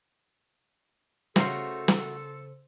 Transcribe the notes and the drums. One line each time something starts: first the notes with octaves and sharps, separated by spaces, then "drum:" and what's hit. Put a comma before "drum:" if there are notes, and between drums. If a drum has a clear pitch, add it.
C#3 A3 F4 F#4 A4 A#4 C5, drum: snare
drum: snare